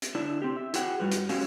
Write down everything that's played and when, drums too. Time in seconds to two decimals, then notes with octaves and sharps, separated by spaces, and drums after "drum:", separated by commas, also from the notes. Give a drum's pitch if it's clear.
0.02 drum: hi-hat
0.15 D3 D4 E4
0.42 C4 G4
0.57 E5
0.74 E4 F#4 G#4 F#5 G5, drum: hi-hat
1.00 G2 G3 F4 F#4 B4
1.11 drum: hi-hat
1.29 F#3 G#3 C#4 F#4 G4 F5, drum: open hi-hat